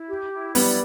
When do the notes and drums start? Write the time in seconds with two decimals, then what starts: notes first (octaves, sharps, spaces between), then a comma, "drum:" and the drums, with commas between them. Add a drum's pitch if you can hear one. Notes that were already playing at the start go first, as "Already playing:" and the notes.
Already playing: E4
0.09 G4
0.32 E4
0.55 G3 B3 D5, drum: open hi-hat